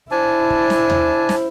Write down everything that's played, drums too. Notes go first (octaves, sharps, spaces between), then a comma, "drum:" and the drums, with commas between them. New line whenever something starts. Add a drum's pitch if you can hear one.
D4 E4 C5 G#5 A5
drum: kick
drum: snare
drum: tom D#2
drum: snare